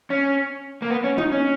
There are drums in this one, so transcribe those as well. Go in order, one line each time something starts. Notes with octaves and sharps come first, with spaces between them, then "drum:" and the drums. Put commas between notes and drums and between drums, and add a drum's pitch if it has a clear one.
C#4
A#3
B3
C#4
D#4, drum: tom
C#4